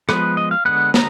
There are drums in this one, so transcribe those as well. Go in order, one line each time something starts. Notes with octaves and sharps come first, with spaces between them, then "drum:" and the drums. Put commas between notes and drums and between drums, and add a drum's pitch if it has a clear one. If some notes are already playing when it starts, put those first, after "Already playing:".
F3 G#3 B3 B4, drum: rim click
D#5
F5
D3 G#3 B3 F#5
A#5, drum: snare